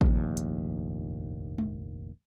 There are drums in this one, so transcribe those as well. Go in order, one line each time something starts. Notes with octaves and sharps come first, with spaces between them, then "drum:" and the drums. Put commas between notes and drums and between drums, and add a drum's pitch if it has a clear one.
F1 A#1 D#2, drum: kick A1
drum: hi-hat
drum: tom G#3